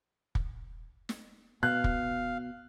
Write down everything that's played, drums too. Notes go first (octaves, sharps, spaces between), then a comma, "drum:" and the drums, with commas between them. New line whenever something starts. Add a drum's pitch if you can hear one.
drum: kick
drum: snare
B2 F5 F#6
drum: kick